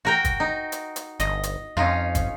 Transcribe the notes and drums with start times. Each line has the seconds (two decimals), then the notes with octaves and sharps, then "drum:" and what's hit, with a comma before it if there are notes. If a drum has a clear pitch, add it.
0.05 F#4 A#4 G5
0.24 drum: kick, hi-hat
0.40 D#4
0.72 drum: hi-hat
0.96 drum: hi-hat
1.20 G1 D#5, drum: hi-hat
1.43 drum: hi-hat
1.77 F2 C#4 D#4 F4
2.15 drum: kick, hi-hat